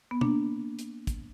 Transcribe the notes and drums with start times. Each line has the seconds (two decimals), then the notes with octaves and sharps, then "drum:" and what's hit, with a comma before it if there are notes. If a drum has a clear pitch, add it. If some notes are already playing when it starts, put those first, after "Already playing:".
0.11 B3
0.21 A#3 D4, drum: tom
0.79 drum: hi-hat
1.07 drum: kick, hi-hat